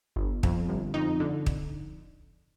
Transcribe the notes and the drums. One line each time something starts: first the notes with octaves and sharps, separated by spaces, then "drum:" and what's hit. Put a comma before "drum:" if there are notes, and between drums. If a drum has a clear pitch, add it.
G1
F2, drum: kick
G1
F2 D#4
D3
drum: kick